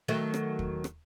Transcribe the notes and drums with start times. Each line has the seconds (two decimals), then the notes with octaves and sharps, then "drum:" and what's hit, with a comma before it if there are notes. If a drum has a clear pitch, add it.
0.08 D#3 F#3 A3
0.34 drum: rim click
0.59 drum: kick
0.84 drum: rim click